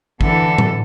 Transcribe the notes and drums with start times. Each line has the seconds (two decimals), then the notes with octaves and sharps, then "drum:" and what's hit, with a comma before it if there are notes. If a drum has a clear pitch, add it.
0.21 D3 E3 A4, drum: kick
0.58 drum: tom A2